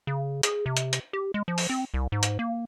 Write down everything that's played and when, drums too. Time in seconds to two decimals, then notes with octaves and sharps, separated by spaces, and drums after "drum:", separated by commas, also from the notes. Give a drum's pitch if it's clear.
0.07 C#3
0.43 G#4, drum: hi-hat
0.66 C3
0.77 drum: hi-hat
0.93 drum: hi-hat
1.13 G4
1.34 G#3
1.48 F3
1.58 drum: open hi-hat
1.70 C4
1.94 C2
2.12 G#2
2.23 drum: hi-hat
2.39 A#3